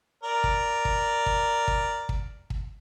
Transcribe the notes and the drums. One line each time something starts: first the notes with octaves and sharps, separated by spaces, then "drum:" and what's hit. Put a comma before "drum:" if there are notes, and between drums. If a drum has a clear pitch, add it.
A#4 D5
drum: kick
drum: kick
drum: kick
drum: kick
drum: kick
drum: kick